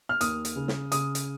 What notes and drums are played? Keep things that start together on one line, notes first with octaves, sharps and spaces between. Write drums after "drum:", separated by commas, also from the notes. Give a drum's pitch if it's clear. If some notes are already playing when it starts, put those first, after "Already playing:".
F6
D#2 D#6, drum: hi-hat
drum: hi-hat
C#3
drum: snare
C#3 D#6, drum: hi-hat
drum: hi-hat